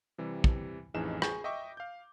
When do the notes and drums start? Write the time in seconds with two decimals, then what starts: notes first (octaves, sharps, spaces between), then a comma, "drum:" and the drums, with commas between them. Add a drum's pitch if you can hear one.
0.18 C3 E3 G3
0.44 drum: kick
0.94 A1 F2 E3 D#4 G#4 E7
1.22 G#4 C#6 G6, drum: rim click
1.44 D#5 E5 G5 C#6 D6
1.77 F5 G6